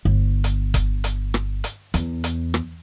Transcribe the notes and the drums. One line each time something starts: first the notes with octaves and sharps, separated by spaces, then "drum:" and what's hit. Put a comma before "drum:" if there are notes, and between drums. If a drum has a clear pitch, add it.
G1
drum: hi-hat
drum: kick F#1, hi-hat
drum: hi-hat
drum: rim click
drum: hi-hat
E2, drum: hi-hat
drum: hi-hat
drum: rim click